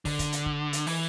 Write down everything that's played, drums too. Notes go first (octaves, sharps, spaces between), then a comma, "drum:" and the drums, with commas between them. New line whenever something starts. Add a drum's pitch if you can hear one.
D3, drum: kick, open hi-hat
drum: kick, hi-hat
drum: hi-hat
drum: kick
drum: hi-hat
E3, drum: open hi-hat